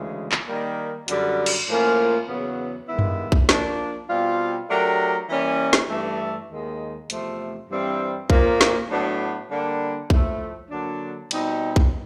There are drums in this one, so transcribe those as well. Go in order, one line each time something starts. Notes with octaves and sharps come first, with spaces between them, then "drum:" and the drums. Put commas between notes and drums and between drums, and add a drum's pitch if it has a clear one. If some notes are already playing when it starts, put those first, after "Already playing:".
Already playing: D2 C#3 E3 G#3
drum: clap
D#3 G3 A#3
F#2 D3 G3, drum: hi-hat
drum: cymbal
A2 F3 A#3 C#4 F4
E2 C#3 F#3 B3
G2 D#3 G#3 B3 E4
drum: tom F#2
drum: kick A#1
F3 A#3 D4, drum: snare
B2 G3 C4 F4
F#3 A3 D4 G4 A#4
E3 G3 A#3 C#4
drum: snare
G2 E3 A3
D#2 D#3 G#3
E2 C3 F3 A3, drum: hi-hat
G2 E3 G3 C4
A#2 F3 A#3, drum: kick A#1
drum: snare
A2 F#3 B3 D4
D3 G3 A#3 D4
A2 F3 A3, drum: kick A#1
D3 F#3 A#3 D4
B2 G3 C4 D#4, drum: cymbal
drum: kick A#1